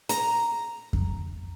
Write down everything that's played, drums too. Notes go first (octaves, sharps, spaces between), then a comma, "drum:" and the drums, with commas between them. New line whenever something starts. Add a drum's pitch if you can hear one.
A#5, drum: hi-hat
drum: kick F2